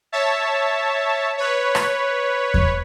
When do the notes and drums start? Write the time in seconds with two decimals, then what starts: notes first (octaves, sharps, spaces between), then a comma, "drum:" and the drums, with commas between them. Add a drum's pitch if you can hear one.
0.12 C#5 E5 A5
1.38 B4 C#5
1.75 drum: rim click
2.54 drum: kick E2